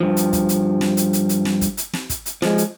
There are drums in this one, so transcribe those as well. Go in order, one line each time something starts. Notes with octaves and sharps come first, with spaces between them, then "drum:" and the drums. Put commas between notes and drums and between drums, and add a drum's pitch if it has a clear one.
G2 F3
drum: hi-hat
drum: kick, hi-hat
drum: hi-hat
drum: snare
drum: hi-hat
drum: hi-hat
drum: hi-hat
drum: snare
drum: kick, hi-hat
drum: hi-hat
drum: snare
drum: kick, hi-hat
drum: hi-hat
F3 G#3, drum: snare
drum: hi-hat